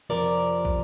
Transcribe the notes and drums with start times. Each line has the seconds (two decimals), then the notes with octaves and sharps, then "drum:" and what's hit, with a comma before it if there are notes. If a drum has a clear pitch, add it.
0.10 F2 C3 F3 A#4 D5
0.65 drum: kick